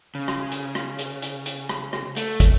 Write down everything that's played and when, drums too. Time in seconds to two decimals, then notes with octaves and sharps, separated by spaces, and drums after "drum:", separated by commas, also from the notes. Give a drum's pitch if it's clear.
0.15 C#3
0.28 drum: rim click
0.52 drum: hi-hat
0.75 drum: rim click
0.99 drum: hi-hat
1.22 drum: hi-hat
1.46 drum: hi-hat
1.69 drum: rim click
1.93 drum: rim click
2.17 A3, drum: hi-hat
2.40 drum: kick, hi-hat